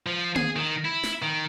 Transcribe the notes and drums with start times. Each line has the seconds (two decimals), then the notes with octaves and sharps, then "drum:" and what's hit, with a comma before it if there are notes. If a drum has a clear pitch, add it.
0.06 F3
0.36 G#4, drum: tom A#3
0.56 D#3
0.85 E4
1.03 drum: snare
1.22 D#3